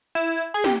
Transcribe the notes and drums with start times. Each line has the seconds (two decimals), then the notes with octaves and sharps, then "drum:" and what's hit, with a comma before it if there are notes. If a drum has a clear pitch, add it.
0.15 E4
0.54 G#4
0.64 G4, drum: snare